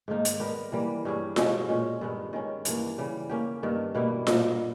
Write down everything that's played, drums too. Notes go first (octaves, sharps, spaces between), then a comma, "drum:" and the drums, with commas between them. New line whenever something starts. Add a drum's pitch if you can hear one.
G#2 D#3 A#3 D#4
drum: hi-hat
G3 B3 G4 A#4
E3 G3 A#3
G2 G3 C#4 G#4
B2 G#3 C#4 G4, drum: snare F4
A#2 G#3 C#4
G2 D#3 G#3 B3
D#3 G#3 C#4
G2 E3 A#3, drum: hi-hat
C#3 E3 G3
A#3 C#4 G4
G2 D#3 A#3
B2 G3 A#3 E4
A#2 G3 A#3 D#4, drum: snare F4